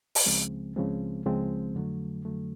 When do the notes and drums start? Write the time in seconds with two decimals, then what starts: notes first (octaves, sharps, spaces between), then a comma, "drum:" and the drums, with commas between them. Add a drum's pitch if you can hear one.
0.15 drum: open hi-hat
0.26 C#2 C#3 F3 G#3 C4
0.76 C#2 C#3 F3 G#3 C4
1.25 C#2 C#3 F3 G#3 C4
1.75 F2 D3 F#3 A3
2.25 F2 D3 F#3 A3